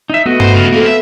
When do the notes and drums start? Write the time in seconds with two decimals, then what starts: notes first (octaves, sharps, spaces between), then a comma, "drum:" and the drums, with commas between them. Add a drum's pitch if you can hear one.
0.10 D#4 E5
0.26 A3 B3 F#4 D#5
0.40 C5, drum: tom G2
0.54 C#3 F4
0.72 A#3 C4 A4 F5
0.86 E5